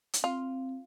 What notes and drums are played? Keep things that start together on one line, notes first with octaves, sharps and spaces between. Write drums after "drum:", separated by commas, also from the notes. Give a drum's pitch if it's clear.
drum: hi-hat
C4 F4